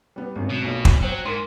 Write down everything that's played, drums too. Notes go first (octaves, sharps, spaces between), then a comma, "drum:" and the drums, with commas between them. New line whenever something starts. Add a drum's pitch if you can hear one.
G3 B3
G#1 F#2
B2
B1 A#2
drum: kick
F#3 C5 G5
G#2 A#4 C6